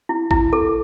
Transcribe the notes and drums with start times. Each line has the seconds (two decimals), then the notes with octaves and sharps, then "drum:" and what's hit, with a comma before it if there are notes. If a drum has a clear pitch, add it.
0.09 E4
0.31 E4, drum: kick
0.53 A4